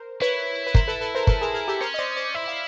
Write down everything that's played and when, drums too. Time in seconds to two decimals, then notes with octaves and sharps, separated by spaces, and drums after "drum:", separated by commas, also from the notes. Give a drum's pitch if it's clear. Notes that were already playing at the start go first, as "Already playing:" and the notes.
Already playing: A#4 C5
0.21 E4 B4 C#5
0.67 B4
0.74 A#4 C5, drum: kick
0.88 A4 B4
1.01 A4 B4
1.15 A#4 C5
1.27 A4 B4, drum: kick
1.41 G#4 A#4
1.54 G#4 A#4
1.68 G4 A4
1.81 C#4 A#4 C5
1.94 D#5
1.99 C5 D5
2.16 C5 D5
2.35 E4 E5
2.48 F5